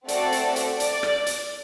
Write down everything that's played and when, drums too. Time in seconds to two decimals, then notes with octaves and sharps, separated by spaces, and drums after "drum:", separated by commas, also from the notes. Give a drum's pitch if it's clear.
0.08 A3 C4 F#4 A4 D5, drum: hi-hat
0.32 drum: hi-hat
0.56 drum: hi-hat
0.80 D5, drum: hi-hat
1.03 drum: rim click
1.26 drum: hi-hat